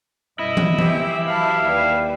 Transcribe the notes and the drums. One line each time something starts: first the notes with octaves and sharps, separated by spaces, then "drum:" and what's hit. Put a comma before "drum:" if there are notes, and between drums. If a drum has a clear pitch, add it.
F#2 B2 G3 E4 D#5
drum: tom
E3 G4 C5 G5, drum: tom E3
F#3 F5 A5 B5
D#2 G3 B4